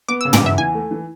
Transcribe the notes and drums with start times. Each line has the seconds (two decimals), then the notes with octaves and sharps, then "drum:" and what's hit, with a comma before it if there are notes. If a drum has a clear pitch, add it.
0.09 B3 D6
0.21 E6
0.25 C#3
0.33 D6, drum: tom
0.42 E2 E5
0.58 E3 G#5
0.75 A3
0.91 E3